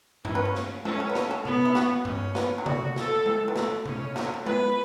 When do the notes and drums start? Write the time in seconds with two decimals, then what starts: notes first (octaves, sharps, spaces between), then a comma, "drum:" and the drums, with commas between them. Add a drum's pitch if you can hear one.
0.25 C#4 E4, drum: tom G2
0.35 B4
0.45 C#5
0.55 drum: snare
0.85 C#4 A4, drum: tom G#3
1.00 A4
1.10 B4
1.15 A4, drum: snare
1.31 A4
1.45 B3, drum: tom C3
1.65 E4
1.75 F#4, drum: snare
2.05 C#4, drum: tom G2
2.35 B3, drum: snare
2.58 F#3
2.66 A3 F#4, drum: tom C3
2.96 A4, drum: snare
3.26 drum: tom G#3
3.48 E3
3.56 F#3 A3, drum: snare
3.86 C#4, drum: tom C3
4.16 A3, drum: snare
4.25 F#3
4.34 A3
4.46 B3 B4, drum: tom G#3